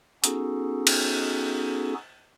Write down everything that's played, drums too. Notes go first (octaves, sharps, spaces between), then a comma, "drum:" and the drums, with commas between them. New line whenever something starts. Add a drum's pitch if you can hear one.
B3 C#4 D#4 F#4 G#4 A4, drum: hi-hat
drum: cymbal